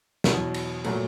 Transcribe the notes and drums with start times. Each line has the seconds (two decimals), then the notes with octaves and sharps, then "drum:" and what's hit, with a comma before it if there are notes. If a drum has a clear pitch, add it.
0.24 E2 B2 F#3 B3, drum: snare
0.54 drum: cymbal
0.84 A#2 F#3 A3, drum: cymbal